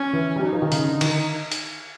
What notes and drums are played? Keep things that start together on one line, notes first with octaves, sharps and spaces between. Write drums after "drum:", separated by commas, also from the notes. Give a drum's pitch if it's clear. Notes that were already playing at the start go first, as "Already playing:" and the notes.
Already playing: C#4
E3
G3
F#3 D#4
F3
D#3
C#3, drum: hi-hat
D3
D#3, drum: cymbal
drum: hi-hat